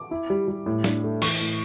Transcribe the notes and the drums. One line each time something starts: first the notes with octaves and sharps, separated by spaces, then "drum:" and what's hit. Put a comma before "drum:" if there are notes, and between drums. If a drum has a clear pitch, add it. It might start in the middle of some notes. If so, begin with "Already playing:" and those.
Already playing: D6
E4
G3
G3
A2
D4, drum: snare
A3
E3 C#6, drum: cymbal
A2